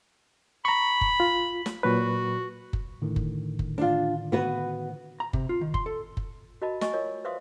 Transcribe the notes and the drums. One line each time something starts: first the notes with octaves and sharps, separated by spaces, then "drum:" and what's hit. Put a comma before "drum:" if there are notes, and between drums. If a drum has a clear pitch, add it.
A#5 B5 C#6
drum: kick F#1
F4
drum: snare
A#2 F#3 F#4 B4
drum: kick F#1
A2 D3 D#3
drum: kick F#1
drum: kick F#1
D4 F4
B3 F#4 B4
A#5
C3, drum: kick F#1
F4
D#3
C6, drum: kick F#1
A4
drum: kick F#1
F#4 A#4 D#5 A5 B5
F#4 D#5 G#5 C#6, drum: snare
F4 A#4 C#5 D#5
B4 C5 E5 F5 C6 D#6